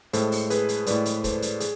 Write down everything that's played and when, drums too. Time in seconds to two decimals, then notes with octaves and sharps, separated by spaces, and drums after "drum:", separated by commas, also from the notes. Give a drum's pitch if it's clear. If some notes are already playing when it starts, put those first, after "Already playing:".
0.13 A2 G#3 A4 C5, drum: hi-hat
0.32 drum: open hi-hat
0.50 G#4 B4, drum: hi-hat
0.69 drum: hi-hat
0.86 A2 G#3 B4 D5, drum: hi-hat
1.06 drum: hi-hat
1.24 A4 C5, drum: kick, hi-hat
1.42 drum: hi-hat
1.60 G#4, drum: hi-hat